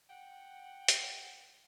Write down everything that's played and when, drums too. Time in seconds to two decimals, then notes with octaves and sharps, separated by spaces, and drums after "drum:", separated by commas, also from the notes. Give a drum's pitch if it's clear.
0.09 F#5 G5
0.88 drum: hi-hat